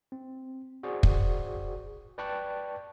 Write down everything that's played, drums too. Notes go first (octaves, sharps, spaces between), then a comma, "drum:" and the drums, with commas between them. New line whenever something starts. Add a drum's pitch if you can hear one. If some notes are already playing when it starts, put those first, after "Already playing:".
C4
F#4 G#4 C5 D5
drum: kick
B4 D5 G5 A5 C#6 F#6